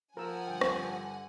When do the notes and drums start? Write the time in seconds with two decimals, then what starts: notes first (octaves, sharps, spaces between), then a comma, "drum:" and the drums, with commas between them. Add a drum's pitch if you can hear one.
0.17 F3 A#4 F#5 G#5 E6
0.47 G2 D3 G5
0.61 drum: rim click